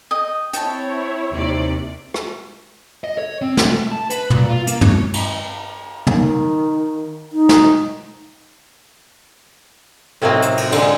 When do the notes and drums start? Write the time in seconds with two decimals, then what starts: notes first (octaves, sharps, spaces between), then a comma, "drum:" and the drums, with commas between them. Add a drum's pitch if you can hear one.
0.11 D#5 G5
0.53 C4 E4 C#5 G5 A5, drum: hi-hat
1.33 D#2 C3 D5
2.14 drum: rim click
3.04 D#5
3.18 C#5
3.42 C4
3.57 A3, drum: snare
3.92 A5
4.10 B4, drum: hi-hat
4.30 A#2, drum: tom
4.49 F4
4.67 A#3, drum: hi-hat
4.81 C#5, drum: tom
5.13 drum: cymbal
6.07 D#3, drum: tom
7.33 D#4
7.49 drum: snare
10.22 A2 C3 F#3 A#3 C4 D#4
10.42 drum: hi-hat
10.57 drum: cymbal
10.72 D3 G#3, drum: cymbal